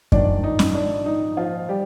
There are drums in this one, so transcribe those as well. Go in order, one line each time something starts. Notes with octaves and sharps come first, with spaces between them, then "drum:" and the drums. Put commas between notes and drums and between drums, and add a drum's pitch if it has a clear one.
A#1 G#2 D#3 D4 D5, drum: kick F#2
D#4
drum: snare C#4
D4
D#4
F3 F4
G3 G4